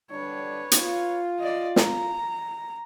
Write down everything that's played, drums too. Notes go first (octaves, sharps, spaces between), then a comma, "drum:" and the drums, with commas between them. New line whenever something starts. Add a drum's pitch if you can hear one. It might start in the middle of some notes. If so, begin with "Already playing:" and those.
D3 G3 D4 B4 C#5
F4, drum: hi-hat
D5 D#5
A#5, drum: snare